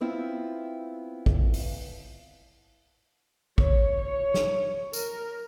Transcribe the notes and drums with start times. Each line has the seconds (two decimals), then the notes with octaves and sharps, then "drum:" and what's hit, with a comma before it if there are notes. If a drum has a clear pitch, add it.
0.01 B3 C4 E4 F4
1.26 drum: kick
1.54 drum: open hi-hat
3.58 C#5, drum: kick
4.01 C#5
4.34 drum: snare
4.93 A#4, drum: tambourine